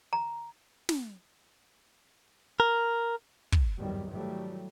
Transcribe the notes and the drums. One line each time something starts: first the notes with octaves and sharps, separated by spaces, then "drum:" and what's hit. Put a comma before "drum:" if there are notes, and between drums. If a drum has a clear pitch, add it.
A#5
drum: snare
A#4
drum: kick
G#1 E2 G2 D#3 F#3 G3
D#3 E3 F#3 G3 A3